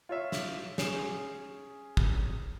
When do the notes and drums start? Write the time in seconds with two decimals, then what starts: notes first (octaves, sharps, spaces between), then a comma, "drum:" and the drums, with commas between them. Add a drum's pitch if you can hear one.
0.09 F4 C#5 E5
0.32 drum: snare
0.78 C#4 G#4 C7 E7, drum: snare
1.97 drum: kick